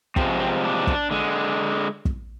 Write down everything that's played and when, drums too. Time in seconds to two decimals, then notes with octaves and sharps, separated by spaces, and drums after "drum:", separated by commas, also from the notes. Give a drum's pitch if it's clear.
0.16 C3 F3 G#3 C4, drum: kick
0.40 C4
0.64 D4
0.87 drum: kick
1.11 D3 G#3
2.05 drum: kick